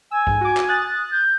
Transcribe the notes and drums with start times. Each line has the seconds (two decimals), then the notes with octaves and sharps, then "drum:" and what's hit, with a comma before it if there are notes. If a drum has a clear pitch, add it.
0.11 G#5 E6
0.27 G#2, drum: kick
0.41 F#4 D6
0.57 drum: clap
0.68 D#6 F#6 A6
1.12 G6